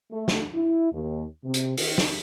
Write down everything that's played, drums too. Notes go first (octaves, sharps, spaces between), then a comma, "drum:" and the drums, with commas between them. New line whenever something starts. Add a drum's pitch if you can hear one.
A3
drum: snare
E4
D#2
C3
drum: hi-hat
D#3, drum: open hi-hat
drum: snare